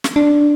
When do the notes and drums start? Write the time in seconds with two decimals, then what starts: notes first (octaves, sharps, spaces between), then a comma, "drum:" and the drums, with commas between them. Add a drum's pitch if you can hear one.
0.04 drum: snare
0.16 D4